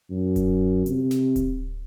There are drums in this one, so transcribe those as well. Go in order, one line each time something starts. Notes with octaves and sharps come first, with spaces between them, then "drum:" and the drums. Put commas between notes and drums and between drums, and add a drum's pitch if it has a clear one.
F#2
drum: kick D1, hi-hat
C3, drum: hi-hat
drum: snare
drum: kick D1, hi-hat